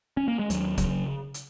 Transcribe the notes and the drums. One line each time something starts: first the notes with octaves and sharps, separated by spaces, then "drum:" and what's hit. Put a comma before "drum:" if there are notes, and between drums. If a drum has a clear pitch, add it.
C#4
A#3
G#3
D#2 F#3, drum: hi-hat
C#3 F#3, drum: kick, hi-hat
drum: hi-hat